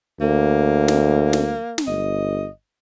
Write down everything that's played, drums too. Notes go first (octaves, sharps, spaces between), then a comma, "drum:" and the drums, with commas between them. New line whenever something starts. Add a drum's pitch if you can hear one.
D2 A#3
drum: snare
drum: snare
drum: snare
G1 D#5